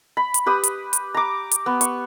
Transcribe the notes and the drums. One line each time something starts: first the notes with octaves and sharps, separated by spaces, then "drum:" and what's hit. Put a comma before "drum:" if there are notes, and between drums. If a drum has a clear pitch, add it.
B5
drum: hi-hat
G4 B4 D#6
drum: hi-hat
drum: hi-hat
A#5 D6
drum: hi-hat
B3
C#6, drum: hi-hat